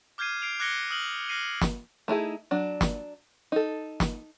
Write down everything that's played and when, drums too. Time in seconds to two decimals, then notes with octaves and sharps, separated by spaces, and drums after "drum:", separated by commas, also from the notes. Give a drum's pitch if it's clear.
0.18 D6 F6 G6 G#6 C7 D#7
0.42 C7 D7 F7
0.60 D6 F#6 G#6 A#6 C#7 G7
0.91 D#6 F6 F#7
1.29 F6 F#6 A#6 C7 D#7
1.62 drum: snare
2.08 A3 D#4 E4 G#4
2.51 F#3 D4
2.81 drum: snare
3.52 D#4 A4
4.00 drum: snare